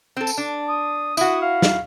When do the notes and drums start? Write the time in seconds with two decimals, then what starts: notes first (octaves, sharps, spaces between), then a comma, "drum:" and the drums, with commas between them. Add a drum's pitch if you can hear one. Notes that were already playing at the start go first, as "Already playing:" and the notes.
0.17 C4 A4
0.27 drum: tambourine
0.38 D4
0.68 D#6
1.17 E4 F#4 D#6, drum: tambourine
1.42 F5
1.62 drum: snare